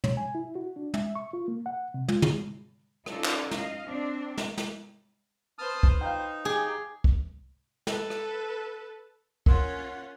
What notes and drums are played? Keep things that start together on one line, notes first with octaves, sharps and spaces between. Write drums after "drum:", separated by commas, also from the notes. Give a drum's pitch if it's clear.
C#5, drum: tom
G#5
E4
F#4
D4
E5, drum: tom
C#6
F4
A#3
F#5
C3
F4, drum: tom
drum: tom
C#4 D#4 F4 A4 D5, drum: rim click
drum: clap
D#5 F5, drum: snare
C4 D4
drum: snare
drum: snare
B4 C5 A5 D#6 F6
drum: kick
D#4 F5 G5
G4 G#4
drum: kick
A4 B4, drum: snare
drum: rim click
C#4 F4 A#4 F#5 C6, drum: kick